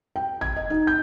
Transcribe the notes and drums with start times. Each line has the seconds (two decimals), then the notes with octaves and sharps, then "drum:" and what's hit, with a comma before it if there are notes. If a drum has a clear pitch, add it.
0.16 G5
0.41 G#6, drum: tom
0.56 D#5
0.70 D#4
0.87 G6